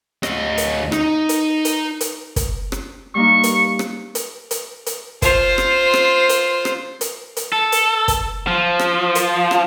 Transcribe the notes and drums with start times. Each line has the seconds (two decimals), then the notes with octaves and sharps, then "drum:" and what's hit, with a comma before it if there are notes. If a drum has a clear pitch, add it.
0.23 D2 D#5, drum: rim click
0.58 drum: hi-hat
0.92 D#4, drum: rim click
1.29 drum: hi-hat
1.65 drum: hi-hat
2.01 drum: hi-hat
2.36 drum: kick, hi-hat
2.72 drum: rim click
3.15 G3 A#3 D#4 C#6
3.43 drum: hi-hat
3.79 drum: rim click
4.15 drum: hi-hat
4.51 drum: hi-hat
4.86 drum: hi-hat
5.22 F4 C5, drum: kick, hi-hat
5.58 drum: rim click
5.94 drum: rim click
6.29 drum: hi-hat
6.65 drum: rim click
7.01 drum: hi-hat
7.37 drum: hi-hat
7.52 A4
7.72 drum: hi-hat
8.08 drum: kick, hi-hat
8.47 F3
8.79 drum: rim click
9.15 drum: hi-hat
9.51 drum: rim click